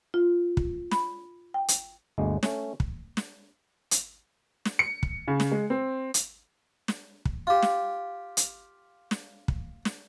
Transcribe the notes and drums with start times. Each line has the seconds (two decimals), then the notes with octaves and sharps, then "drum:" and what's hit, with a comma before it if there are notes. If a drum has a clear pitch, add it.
0.14 F4
0.57 drum: kick
0.92 B5, drum: snare
1.54 G5
1.68 drum: hi-hat
2.18 G1 D2 G#3
2.43 A3 C#4, drum: snare
2.80 drum: kick
3.17 drum: snare
3.91 drum: hi-hat
4.66 drum: snare
4.79 C#7
5.03 drum: kick
5.28 C#3
5.40 drum: snare
5.51 G#3
5.70 C4
6.14 drum: hi-hat
6.88 drum: snare
7.25 drum: kick
7.47 F4 G4
7.63 drum: snare
8.37 drum: hi-hat
9.11 drum: snare
9.48 drum: kick
9.85 drum: snare